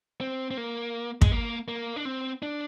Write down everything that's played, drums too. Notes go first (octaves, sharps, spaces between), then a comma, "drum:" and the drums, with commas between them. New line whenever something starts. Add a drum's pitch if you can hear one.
C4
C4
A#3
G#3, drum: kick
A#3
A#3
D4
C4
D4